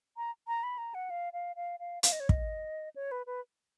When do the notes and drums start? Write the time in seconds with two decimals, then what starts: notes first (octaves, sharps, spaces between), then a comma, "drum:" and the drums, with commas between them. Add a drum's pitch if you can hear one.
0.17 A#5
0.48 A#5
0.63 B5
0.78 A#5
0.95 F#5
1.10 F5
1.33 F5
1.56 F5
1.80 F5
2.03 F5, drum: hi-hat
2.12 D#5
2.20 C#5
2.29 D#5, drum: kick
2.96 C#5
3.12 B4
3.27 B4